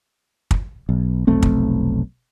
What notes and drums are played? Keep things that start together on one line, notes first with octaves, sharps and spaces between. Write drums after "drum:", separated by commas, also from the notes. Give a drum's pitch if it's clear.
drum: kick
B1
F1 B1 A3 C4
drum: kick